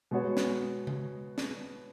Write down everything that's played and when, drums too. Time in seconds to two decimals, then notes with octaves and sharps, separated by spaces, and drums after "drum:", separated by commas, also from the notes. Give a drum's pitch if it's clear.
0.11 B2 G#3 B3 F#4 C#5
0.37 drum: snare
0.87 drum: tom C#3
1.38 drum: snare